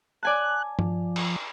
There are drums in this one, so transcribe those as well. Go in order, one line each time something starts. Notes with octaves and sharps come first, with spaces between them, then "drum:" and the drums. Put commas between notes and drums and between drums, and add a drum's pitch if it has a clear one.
D5 G#5 A5 F#6
F3, drum: tom G2
drum: cymbal